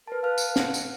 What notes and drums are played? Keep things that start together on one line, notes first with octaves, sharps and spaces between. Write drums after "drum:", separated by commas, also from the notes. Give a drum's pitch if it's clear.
A#4 B4 A5
B4 F5 A5 F6
drum: tambourine
F#5, drum: snare
drum: tambourine